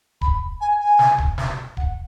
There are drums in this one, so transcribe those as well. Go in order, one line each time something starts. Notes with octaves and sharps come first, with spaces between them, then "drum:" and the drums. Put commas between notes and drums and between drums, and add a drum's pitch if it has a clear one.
B5, drum: kick D1
G#5
G#5
drum: snare
drum: kick D1
drum: snare
F#5, drum: kick D1